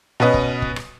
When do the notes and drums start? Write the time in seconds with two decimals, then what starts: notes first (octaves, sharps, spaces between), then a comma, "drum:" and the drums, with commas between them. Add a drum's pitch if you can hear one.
0.20 B2 C#4 B4 D#5
0.34 drum: kick
0.62 drum: kick
0.76 drum: rim click